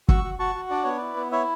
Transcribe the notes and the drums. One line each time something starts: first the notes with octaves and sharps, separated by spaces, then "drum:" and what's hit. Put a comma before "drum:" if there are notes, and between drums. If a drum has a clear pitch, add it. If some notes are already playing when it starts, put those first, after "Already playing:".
F#4 C#6 E6, drum: kick
F#4
F#4 A5 C#6
F#4
D4 D5
B3 C#5
E4 B4 D5
B3
E4 C#5 E5